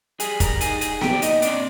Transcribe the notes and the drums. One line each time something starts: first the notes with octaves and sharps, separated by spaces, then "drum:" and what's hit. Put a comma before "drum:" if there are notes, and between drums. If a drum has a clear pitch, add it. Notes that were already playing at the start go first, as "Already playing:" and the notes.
G3 G#4 G#5, drum: hi-hat
A#4 A#5, drum: kick, hi-hat
D#4 G#4 G#5, drum: hi-hat
G#4 G#5, drum: hi-hat
A#2 G4 G5, drum: snare B3
D5
D#4 D#5, drum: hi-hat
C4 D4 D5, drum: hi-hat